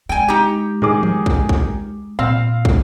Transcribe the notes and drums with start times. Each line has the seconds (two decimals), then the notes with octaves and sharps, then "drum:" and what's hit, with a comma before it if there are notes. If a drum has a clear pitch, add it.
0.09 G#3 G5 G#5
0.28 D#4 G4
0.82 D#3 G#4 D6, drum: tom
1.03 drum: tom E3
1.26 drum: kick
1.49 drum: kick
2.19 A#2 C4 F5
2.65 drum: kick